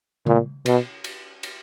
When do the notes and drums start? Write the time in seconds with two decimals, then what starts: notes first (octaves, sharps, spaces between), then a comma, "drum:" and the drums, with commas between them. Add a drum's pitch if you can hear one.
0.27 A#2, drum: tom C#3
0.66 B2, drum: cymbal
1.04 drum: cymbal
1.43 drum: cymbal